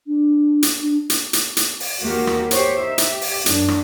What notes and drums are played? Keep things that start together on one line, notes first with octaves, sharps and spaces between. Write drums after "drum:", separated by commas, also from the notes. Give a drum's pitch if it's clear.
D4
drum: hi-hat
D4
drum: hi-hat
drum: hi-hat
drum: hi-hat
drum: open hi-hat
D#2 G#3 A#3 F#4 G4
drum: rim click
G4 C5 C#5, drum: hi-hat
D#4 E5
drum: hi-hat
G4
drum: open hi-hat
F#2 D4, drum: hi-hat
drum: rim click